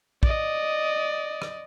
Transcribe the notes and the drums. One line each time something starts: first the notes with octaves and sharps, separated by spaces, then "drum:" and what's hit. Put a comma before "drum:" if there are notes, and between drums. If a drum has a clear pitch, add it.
D5 D#5, drum: kick
drum: rim click